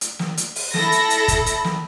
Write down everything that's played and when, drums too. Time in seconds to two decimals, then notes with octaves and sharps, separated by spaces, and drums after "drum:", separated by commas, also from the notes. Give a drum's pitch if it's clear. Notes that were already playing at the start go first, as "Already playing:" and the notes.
0.01 drum: hi-hat
0.19 drum: snare
0.37 drum: hi-hat
0.56 drum: open hi-hat
0.74 E4 A4 A#6, drum: snare
0.92 drum: hi-hat
1.10 drum: hi-hat
1.28 drum: kick, hi-hat
1.46 drum: hi-hat
1.64 drum: snare